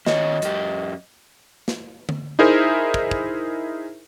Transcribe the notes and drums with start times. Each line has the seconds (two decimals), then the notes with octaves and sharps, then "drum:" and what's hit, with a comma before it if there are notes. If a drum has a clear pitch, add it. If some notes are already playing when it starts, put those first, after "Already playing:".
0.06 D#3 A4 C#5 D#5, drum: snare
0.42 F#2 G4, drum: hi-hat
1.68 drum: snare
2.09 drum: tom D3
2.39 D#4 E4 G#4 A#4 C5 E5
2.94 drum: kick
3.11 drum: kick